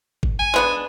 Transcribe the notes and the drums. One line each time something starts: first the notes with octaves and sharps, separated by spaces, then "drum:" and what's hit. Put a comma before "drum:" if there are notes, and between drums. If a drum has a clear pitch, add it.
drum: kick G#1
G#5
G#3 B3 D4